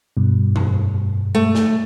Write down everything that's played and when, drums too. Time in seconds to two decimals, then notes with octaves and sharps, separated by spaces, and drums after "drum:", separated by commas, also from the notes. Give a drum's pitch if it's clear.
0.17 G2 B2
0.56 drum: tom G2
1.35 A3
1.55 drum: snare